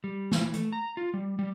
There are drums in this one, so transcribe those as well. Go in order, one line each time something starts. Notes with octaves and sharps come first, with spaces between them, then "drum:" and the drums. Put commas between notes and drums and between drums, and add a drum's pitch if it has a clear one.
G3
E3, drum: snare
A3, drum: hi-hat
A#5
F4
G3
G3